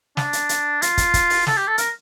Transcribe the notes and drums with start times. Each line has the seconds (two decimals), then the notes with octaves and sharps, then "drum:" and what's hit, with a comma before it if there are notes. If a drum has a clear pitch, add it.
0.17 D4, drum: snare
0.33 drum: hi-hat
0.49 drum: hi-hat
0.82 F4, drum: hi-hat
0.98 drum: kick, hi-hat
1.14 drum: kick, hi-hat
1.30 drum: open hi-hat
1.47 A4, drum: snare
1.57 G4
1.67 A4
1.78 A#4, drum: hi-hat